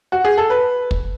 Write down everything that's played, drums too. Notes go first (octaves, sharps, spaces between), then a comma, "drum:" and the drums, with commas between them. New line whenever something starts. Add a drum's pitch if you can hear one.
F#4
G#4
A4
B4
drum: kick